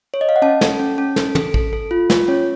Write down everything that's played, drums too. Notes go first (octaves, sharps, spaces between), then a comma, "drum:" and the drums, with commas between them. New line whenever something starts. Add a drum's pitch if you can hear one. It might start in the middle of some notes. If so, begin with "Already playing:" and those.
C#5
D#5
F5
F#5
C#4 A5
A4, drum: snare
C#4
C#4
A4, drum: snare
A4, drum: tom
A4, drum: kick
A4
F4
F4, drum: snare
C#4 C#5